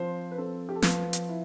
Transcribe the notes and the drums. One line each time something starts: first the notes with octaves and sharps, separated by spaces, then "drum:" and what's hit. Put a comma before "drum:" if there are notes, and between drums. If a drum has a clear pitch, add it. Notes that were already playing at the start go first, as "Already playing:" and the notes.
Already playing: F3 C4 C5
B4
C4 A4
G4
A4
F3 B4, drum: snare
drum: hi-hat
E4